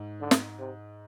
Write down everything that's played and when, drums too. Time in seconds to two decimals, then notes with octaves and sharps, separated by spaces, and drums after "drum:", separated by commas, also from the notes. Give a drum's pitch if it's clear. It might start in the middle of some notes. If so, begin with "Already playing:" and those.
Already playing: G#2
0.21 D3
0.31 drum: snare
0.59 C3